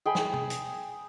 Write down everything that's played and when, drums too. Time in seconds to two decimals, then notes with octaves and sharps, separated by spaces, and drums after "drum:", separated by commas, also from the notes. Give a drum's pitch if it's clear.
0.06 G#4 G5 B5
0.15 drum: snare
0.34 drum: tom
0.50 drum: hi-hat